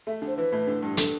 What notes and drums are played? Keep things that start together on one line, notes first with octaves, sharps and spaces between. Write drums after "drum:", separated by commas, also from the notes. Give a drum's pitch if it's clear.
A3 E5
D3
C5
E3 B4
A2
D3
G2
D3 A4, drum: hi-hat